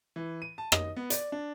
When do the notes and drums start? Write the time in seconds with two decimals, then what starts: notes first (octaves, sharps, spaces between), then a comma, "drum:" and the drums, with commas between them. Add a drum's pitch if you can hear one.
0.16 E3
0.42 D#7
0.58 A5
0.72 D#5, drum: rim click
0.96 B3
1.10 D5, drum: hi-hat
1.32 D4